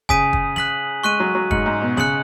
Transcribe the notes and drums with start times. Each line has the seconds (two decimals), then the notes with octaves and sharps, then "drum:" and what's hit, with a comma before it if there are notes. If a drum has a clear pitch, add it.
0.09 C#3 G#5 D#6 B6 D#7, drum: kick
0.33 drum: kick
0.56 F#6 B6 F#7, drum: snare
1.03 G#3 C#6 F#6 D#7
1.20 F#3
1.35 F#3
1.51 G#2 F#6 C#7 F#7, drum: kick
1.66 G#2
1.82 B2
1.97 C#3 F#6 C#7 F#7, drum: snare